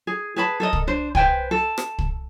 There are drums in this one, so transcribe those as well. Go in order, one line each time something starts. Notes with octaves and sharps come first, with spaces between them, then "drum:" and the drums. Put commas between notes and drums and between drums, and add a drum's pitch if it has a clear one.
G#4
G#4 B4 A5 B5
A4 A#4 D#5
drum: kick
D4 C5
B4 C5 G5 G#5, drum: kick
A4
drum: rim click
drum: kick